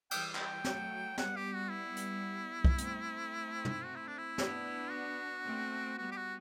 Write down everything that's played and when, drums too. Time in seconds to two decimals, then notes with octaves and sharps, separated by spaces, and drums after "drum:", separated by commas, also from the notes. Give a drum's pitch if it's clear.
0.11 E3 G3 G5, drum: cymbal
0.35 G5, drum: clap
0.64 F#3 A3, drum: snare
1.18 G3 B3 F#5, drum: snare
1.36 G4
1.54 F#4
1.71 E4
1.96 drum: hi-hat
2.64 drum: kick
2.78 A3 C4, drum: hi-hat
3.65 drum: tom
3.85 F#4
3.96 E4
4.07 D4
4.18 E4
4.38 B3 D4, drum: snare
4.91 F#4
5.45 A3 C4
5.98 G3 B3 F#4
6.12 G4
6.16 F#4